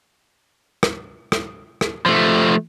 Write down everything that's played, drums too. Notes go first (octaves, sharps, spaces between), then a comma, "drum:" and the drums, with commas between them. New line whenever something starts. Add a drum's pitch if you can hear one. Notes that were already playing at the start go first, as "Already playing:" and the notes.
drum: rim click
drum: rim click
drum: rim click
F3 A3